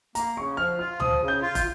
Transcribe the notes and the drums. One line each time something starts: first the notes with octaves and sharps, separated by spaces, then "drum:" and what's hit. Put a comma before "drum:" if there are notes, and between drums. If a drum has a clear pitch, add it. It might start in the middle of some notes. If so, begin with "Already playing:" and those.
A#3 A#5, drum: hi-hat
C#3 C#6
F3 F6
F4 F6
F3 D#6, drum: tom
C#3
G6
F4
G6, drum: kick, hi-hat